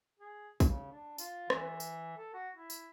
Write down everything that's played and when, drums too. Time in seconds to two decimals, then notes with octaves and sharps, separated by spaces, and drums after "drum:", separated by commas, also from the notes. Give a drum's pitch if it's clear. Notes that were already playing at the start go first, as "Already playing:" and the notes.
0.19 G#4
0.60 C#3, drum: kick A#1, tambourine
0.92 D4
1.18 F4, drum: tambourine
1.50 E3, drum: rim click
1.80 drum: tambourine
2.17 A4
2.34 F#4
2.56 E4
2.70 drum: tambourine